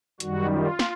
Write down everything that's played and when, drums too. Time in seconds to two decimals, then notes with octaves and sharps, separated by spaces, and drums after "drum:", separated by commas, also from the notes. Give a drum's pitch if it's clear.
0.20 F#2 D#3 G3 F#4, drum: hi-hat
0.51 F4
0.79 drum: snare